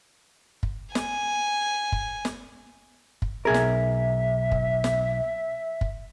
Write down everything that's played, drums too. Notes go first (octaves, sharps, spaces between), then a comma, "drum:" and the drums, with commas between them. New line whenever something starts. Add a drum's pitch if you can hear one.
drum: kick F#1
G#5, drum: snare
drum: kick F#1
drum: snare
drum: kick F#1
B1 G#4 A#4 E5
drum: snare
drum: kick F#1
drum: snare
drum: kick F#1